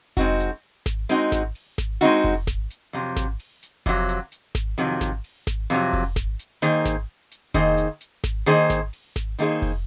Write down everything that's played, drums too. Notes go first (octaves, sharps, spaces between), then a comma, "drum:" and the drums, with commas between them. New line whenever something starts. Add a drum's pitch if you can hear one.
G#3 C4 D#4 F#4, drum: kick F1, hi-hat
drum: hi-hat
drum: snare G#1
G#3 C4 D#4 F#4, drum: hi-hat
drum: snare G#1
drum: open hi-hat
drum: snare G#1
G#3 C4 D#4 F#4, drum: hi-hat
drum: kick F1, open hi-hat
drum: snare G#1
drum: hi-hat
F2 C3 F#3
drum: snare G#1
drum: open hi-hat
drum: hi-hat
F2 C3 F#3, drum: kick F1
drum: hi-hat
drum: hi-hat
drum: snare G#1
F2 C3 D#3 F#3, drum: hi-hat
drum: snare G#1
drum: open hi-hat
drum: snare G#1
F2 C3 F#3, drum: hi-hat
drum: kick F1, open hi-hat
drum: snare G#1
drum: hi-hat
D#3 A#3 D#4 G#4 C5, drum: hi-hat
drum: snare G#1
drum: hi-hat
D#3 A#3 D#4 G#4 C5, drum: kick F1, hi-hat
drum: hi-hat
drum: hi-hat
drum: snare G#1
D#3 A#3 D#4 G#4 C5, drum: hi-hat
drum: snare G#1
drum: open hi-hat
drum: snare G#1
D#3 A#3 D#4 G#4 C5, drum: hi-hat
drum: kick F1, open hi-hat